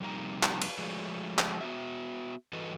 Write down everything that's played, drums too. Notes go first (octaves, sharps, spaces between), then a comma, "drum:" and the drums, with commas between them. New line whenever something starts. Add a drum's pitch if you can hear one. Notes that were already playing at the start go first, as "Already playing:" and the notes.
F2 C3 G3 A#3 D#4 A#5
drum: clap
drum: cymbal
F3 G#3 A3 F#4 G#4 C#5
drum: clap
B3 F#4 E5
G2 E3 F#4 A4 B4 D#5